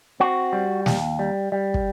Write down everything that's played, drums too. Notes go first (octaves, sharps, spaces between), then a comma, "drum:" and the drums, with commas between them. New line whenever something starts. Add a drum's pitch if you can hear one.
C4 F#4
G3
D#2, drum: snare
G3
G3
drum: kick